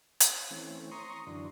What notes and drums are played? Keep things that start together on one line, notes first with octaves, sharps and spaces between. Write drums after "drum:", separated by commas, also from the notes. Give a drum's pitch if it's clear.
drum: hi-hat
E3 A3 C4 C#4
A#5 C6 C#6 D#6
F#2 D3 E3 D4